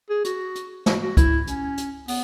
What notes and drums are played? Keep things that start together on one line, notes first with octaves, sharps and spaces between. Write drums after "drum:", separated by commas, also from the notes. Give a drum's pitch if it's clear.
G#4
F#4, drum: hi-hat
drum: hi-hat
F#4, drum: snare
F#4
E4, drum: kick C#2, hi-hat
C#4, drum: hi-hat
drum: hi-hat
B3, drum: open hi-hat